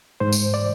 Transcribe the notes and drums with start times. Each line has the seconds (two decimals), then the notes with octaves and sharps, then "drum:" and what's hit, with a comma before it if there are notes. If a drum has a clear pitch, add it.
0.20 G#2 C5
0.32 drum: tambourine
0.54 D5